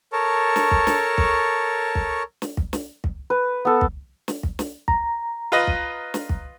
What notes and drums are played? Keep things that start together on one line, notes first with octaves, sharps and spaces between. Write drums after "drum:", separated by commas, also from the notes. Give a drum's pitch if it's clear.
A4 A#4 C#5 A5 C#6
drum: snare
drum: kick
drum: snare
drum: kick
drum: kick
drum: snare
drum: kick
drum: snare
drum: kick
B4
B3 A4
drum: kick
drum: snare
drum: kick
drum: snare
A#5, drum: kick
F4 B4 D#5
drum: kick
drum: snare
drum: kick